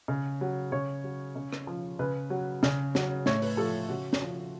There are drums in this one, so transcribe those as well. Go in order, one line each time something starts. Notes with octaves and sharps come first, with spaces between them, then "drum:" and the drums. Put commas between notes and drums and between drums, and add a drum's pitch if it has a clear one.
C#3
F#3
C#3 C#5
F#3
C#3
drum: rim click
F3
C#3 B4
F#3
C#3, drum: snare
F#3, drum: snare
A2 C#5, drum: snare
B4, drum: open hi-hat
F3 A4
C#3 F#4
drum: snare
F3